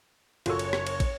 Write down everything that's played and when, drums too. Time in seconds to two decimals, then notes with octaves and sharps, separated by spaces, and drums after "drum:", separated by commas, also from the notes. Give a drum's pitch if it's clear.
0.46 F#1 F4 F#4 A4 C#5 C#6, drum: cymbal
0.59 drum: cymbal
0.73 drum: rim click
0.87 drum: cymbal
1.00 drum: kick, cymbal